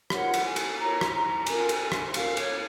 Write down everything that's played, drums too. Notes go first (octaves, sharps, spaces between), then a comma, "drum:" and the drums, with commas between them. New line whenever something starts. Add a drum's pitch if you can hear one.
F4 A#4 C#5 F#5, drum: rim click
drum: cymbal
G#5
drum: cymbal
F4 A#4 C#5 A#5
drum: rim click
A#5
C#4 F4 A#4 G#5, drum: cymbal
drum: cymbal
drum: rim click
C#4 F4 A#4 F5, drum: cymbal
C#5, drum: cymbal